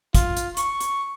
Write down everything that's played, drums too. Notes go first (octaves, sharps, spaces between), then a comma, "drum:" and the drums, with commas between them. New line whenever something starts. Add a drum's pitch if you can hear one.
F4, drum: kick, hi-hat
drum: hi-hat
C#6, drum: hi-hat
drum: hi-hat